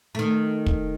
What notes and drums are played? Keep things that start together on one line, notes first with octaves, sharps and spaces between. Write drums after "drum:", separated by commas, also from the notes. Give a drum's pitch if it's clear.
D#3 A3
drum: kick